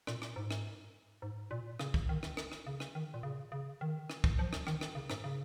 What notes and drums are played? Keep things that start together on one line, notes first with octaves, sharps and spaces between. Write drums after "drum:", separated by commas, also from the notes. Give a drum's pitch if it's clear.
A#2, drum: rim click
drum: rim click
G#2
drum: rim click
G#2
A#2
C#3, drum: rim click
drum: kick
D#3
drum: rim click
drum: rim click
drum: rim click
C#3
drum: rim click
D#3
A#2
C#3
C#3
D#3
drum: rim click
drum: kick
F3
drum: rim click
D#3, drum: rim click
drum: rim click
C#3
G#2, drum: rim click
C#3